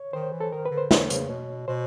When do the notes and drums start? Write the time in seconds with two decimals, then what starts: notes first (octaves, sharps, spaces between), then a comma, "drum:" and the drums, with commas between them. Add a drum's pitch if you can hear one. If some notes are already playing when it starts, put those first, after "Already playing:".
Already playing: C#5
0.13 D#3 C5
0.32 E3
0.40 A4
0.52 D#3 A#4
0.66 B4
0.71 D3
0.78 C5
0.91 D3 C#5, drum: snare
1.10 C#3, drum: hi-hat
1.29 B2
1.67 B2 C5